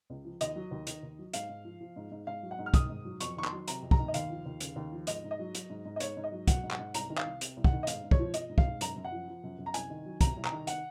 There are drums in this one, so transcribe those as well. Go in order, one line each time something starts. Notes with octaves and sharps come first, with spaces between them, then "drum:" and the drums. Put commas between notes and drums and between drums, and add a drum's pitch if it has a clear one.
C#2
F3
D#2 D#5, drum: hi-hat
F#3
D#2
D#3, drum: hi-hat
D#2
F#3
G#2 F5, drum: hi-hat
G#2
F3
F3
G#2
G#2
G#2 F5
F#3
F#5
G#2
F6
D#3 D#6, drum: kick, hi-hat
G#2
F#3
F2 C#6, drum: hi-hat
D#3 C#6
C6, drum: clap
F#3
C3 A#5, drum: hi-hat
F2
A#5, drum: kick
D#3
D#5
D#2 F5, drum: hi-hat
F3
D#2
C#3, drum: hi-hat
D#2
F3
G#2 D#5, drum: hi-hat
G#2
D#5
F#3
F#3, drum: hi-hat
G#2
G#2
D#5
G#2 C#5, drum: hi-hat
G#2
D#5
F#3
F#3 F#5, drum: kick, hi-hat
G#2
F#5, drum: clap
G#2
C2 A#5, drum: hi-hat
D#3
F5, drum: clap
C2
C3, drum: hi-hat
C2
F#5, drum: kick
D#3
D#5
G#2 F5, drum: hi-hat
G#2
C#5, drum: kick
F3
F3 D#5, drum: hi-hat
G#2
F5, drum: kick
G#2
F#2 A#5, drum: hi-hat
F#2
F#5
F3
F3
F#2
F#2
A#5
C2 G#5, drum: hi-hat
D#3
F#3
C3 A#5, drum: kick, hi-hat
C2
A#5, drum: clap
D#3
F#5, drum: hi-hat